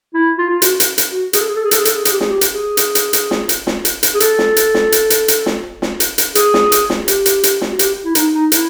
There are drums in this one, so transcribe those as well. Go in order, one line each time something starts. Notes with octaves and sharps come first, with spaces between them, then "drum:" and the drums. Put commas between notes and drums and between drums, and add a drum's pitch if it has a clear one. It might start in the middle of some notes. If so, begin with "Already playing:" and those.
E4
F4
F4
F#4, drum: hi-hat
drum: hi-hat
drum: hi-hat
F#4
G#4, drum: hi-hat
A4
G#4
A4
G#4
A4, drum: hi-hat
G#4
A4, drum: hi-hat
G#4
G#4, drum: hi-hat
G4
G#4, drum: snare
G4
drum: hi-hat
G#4
drum: hi-hat
drum: hi-hat
drum: hi-hat
drum: snare
drum: hi-hat
drum: snare
drum: hi-hat
drum: hi-hat
G#4
A4, drum: hi-hat
drum: snare
drum: hi-hat
drum: snare
drum: hi-hat
drum: hi-hat
drum: hi-hat
drum: snare
drum: snare
drum: hi-hat
drum: hi-hat
G#4, drum: hi-hat
drum: snare
drum: hi-hat
drum: snare
G4, drum: hi-hat
drum: hi-hat
drum: hi-hat
drum: snare
F#4
G4, drum: hi-hat
E4
D#4, drum: hi-hat
D#4
E4, drum: hi-hat